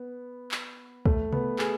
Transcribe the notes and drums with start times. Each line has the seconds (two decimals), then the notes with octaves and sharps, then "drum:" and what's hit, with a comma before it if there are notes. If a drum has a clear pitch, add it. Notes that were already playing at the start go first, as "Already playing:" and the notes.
Already playing: B3
0.51 drum: clap
1.06 A3, drum: kick
1.33 B3, drum: tom C3
1.59 G#4, drum: clap